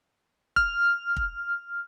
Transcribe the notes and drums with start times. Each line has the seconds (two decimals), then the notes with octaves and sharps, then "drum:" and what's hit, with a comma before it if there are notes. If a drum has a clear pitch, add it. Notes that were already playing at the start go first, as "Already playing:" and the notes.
0.56 F6, drum: kick
1.16 drum: kick